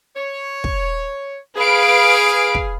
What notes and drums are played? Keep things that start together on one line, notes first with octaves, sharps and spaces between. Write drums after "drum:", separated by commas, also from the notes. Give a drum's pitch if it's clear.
C#5
drum: kick
G#4 B4 F5 D7
drum: kick